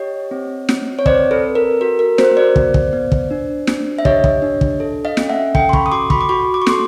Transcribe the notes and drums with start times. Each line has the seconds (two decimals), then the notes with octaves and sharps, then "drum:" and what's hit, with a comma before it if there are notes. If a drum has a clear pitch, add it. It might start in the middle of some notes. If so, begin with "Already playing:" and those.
Already playing: G4 C#5 D#5
0.31 C4
0.69 C4, drum: snare
0.99 C#5
1.06 C4 C5 D5, drum: kick
1.31 A4 B4
1.43 A4
1.55 A#4
1.81 F#4 A#4
1.99 A#4
2.18 F#4 A#4 C5, drum: snare
2.37 C5 D5
2.56 B3, drum: kick
2.74 drum: kick
2.93 B3
3.12 drum: kick
3.31 D4
3.67 D4, drum: snare
3.98 E5
4.05 G4 C#5 D#5, drum: kick
4.24 drum: kick
4.42 D4
4.61 drum: kick
4.80 A4
5.05 D#5 F5
5.17 C#4, drum: snare
5.29 E5 F#5
5.55 A4 F5 G5, drum: kick
5.69 C6
5.73 B5 C#6, drum: kick
5.86 D#6
5.92 F#4 C6 D6
6.10 B5 C#6, drum: kick
6.21 D6
6.29 F#4 B5 C#6
6.54 D6
6.62 C#6
6.67 A4 C6 D6, drum: snare